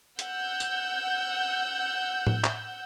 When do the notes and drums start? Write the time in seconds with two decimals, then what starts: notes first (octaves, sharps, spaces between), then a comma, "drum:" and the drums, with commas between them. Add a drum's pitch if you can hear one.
0.19 F#5 E6 G6, drum: hi-hat
0.60 drum: tambourine
2.27 drum: tom A2
2.44 drum: clap